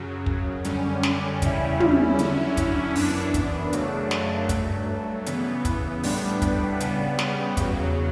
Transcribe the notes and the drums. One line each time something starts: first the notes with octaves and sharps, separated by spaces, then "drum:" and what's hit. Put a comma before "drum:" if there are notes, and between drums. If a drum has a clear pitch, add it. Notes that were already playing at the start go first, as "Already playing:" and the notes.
Already playing: F#2 C#3 F#3
drum: kick
F#2 D3 G3 C#4, drum: hi-hat
drum: snare
E2 C#3 G3 C#4 E4, drum: kick, hi-hat
drum: tom
D3 F#3 C#4 E4, drum: hi-hat
drum: kick, hi-hat
F#2 E3 B3 D4, drum: open hi-hat
drum: kick, hi-hat
F#2 C#3 F#3 A3 D4, drum: hi-hat
drum: snare
G2 F#3 A3, drum: kick, hi-hat
C#3 E3 B3, drum: hi-hat
drum: kick, hi-hat
A2 G3 B3 D4, drum: open hi-hat
drum: kick, hi-hat
C#3 G3 B3, drum: hi-hat
drum: snare
E2 C#3 F#3, drum: kick, hi-hat